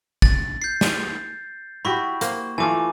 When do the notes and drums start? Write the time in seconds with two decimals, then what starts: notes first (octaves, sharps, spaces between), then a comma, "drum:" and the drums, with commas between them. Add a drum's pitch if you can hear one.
0.22 A6, drum: kick
0.62 G6 C7
0.81 drum: snare
1.85 E4 F#4 G4 B5 C#6
2.21 A#3 C5, drum: hi-hat
2.58 E3 A3 F4 G#5 D6